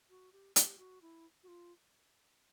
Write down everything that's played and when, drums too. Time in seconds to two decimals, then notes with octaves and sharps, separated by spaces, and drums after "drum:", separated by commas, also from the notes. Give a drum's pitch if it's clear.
0.10 F#4
0.33 G4
0.56 G4, drum: hi-hat
0.78 F#4
1.02 E4
1.43 F#4
1.48 F4